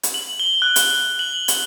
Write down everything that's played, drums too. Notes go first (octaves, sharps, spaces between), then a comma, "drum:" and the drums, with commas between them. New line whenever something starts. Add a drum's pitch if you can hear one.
drum: hi-hat
F#7
G7
F#6
drum: hi-hat
F#7
drum: hi-hat